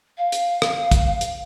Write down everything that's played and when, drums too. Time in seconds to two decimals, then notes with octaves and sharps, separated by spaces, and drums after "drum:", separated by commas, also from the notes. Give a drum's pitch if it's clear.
0.18 F5
0.32 drum: hi-hat
0.62 drum: rim click
0.91 drum: kick, hi-hat
1.21 drum: hi-hat